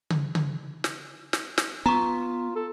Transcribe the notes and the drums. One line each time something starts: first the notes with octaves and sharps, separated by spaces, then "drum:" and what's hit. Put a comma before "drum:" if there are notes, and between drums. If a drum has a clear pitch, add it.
drum: tom C#3
drum: tom C#3
drum: snare
drum: snare
drum: snare
B3 F4 A#5 C#6
A4